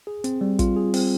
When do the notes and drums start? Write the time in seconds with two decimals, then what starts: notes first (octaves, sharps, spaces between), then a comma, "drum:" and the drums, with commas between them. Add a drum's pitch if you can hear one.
0.07 G#4
0.24 C4, drum: hi-hat
0.41 G3
0.59 F4, drum: kick, hi-hat
0.76 G#4
0.94 C4, drum: open hi-hat